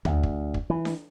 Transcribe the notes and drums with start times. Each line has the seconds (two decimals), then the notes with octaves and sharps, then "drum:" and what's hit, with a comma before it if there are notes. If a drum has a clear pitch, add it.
0.05 D2, drum: tom D#2
0.23 drum: kick
0.54 drum: kick
0.70 E3
0.85 drum: snare D4